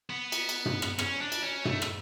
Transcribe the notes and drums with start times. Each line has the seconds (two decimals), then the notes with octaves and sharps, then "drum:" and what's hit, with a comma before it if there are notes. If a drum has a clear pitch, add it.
0.10 B3
0.32 drum: cymbal
0.49 drum: cymbal
0.66 drum: tom
0.82 drum: rim click
0.99 C#4, drum: rim click
1.21 D4
1.32 drum: cymbal
1.44 C#4
1.65 A3, drum: tom
1.82 drum: rim click